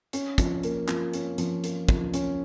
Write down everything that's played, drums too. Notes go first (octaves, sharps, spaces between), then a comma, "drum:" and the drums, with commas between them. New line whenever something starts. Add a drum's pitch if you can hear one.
C#4, drum: hi-hat
F3, drum: kick, hi-hat
A#3, drum: hi-hat
F3, drum: clap
C#4, drum: hi-hat
F3, drum: hi-hat
A#3, drum: hi-hat
F3, drum: kick
C#4, drum: hi-hat